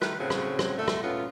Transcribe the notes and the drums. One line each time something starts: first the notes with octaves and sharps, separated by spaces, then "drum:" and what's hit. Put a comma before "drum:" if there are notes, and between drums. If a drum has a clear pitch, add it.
D#3 A3 B4, drum: rim click
A2 C#3 F#3 C4 C#5
drum: rim click
drum: rim click
A#2 D3 A3
drum: rim click
A#2 A3 B3 C#4 F4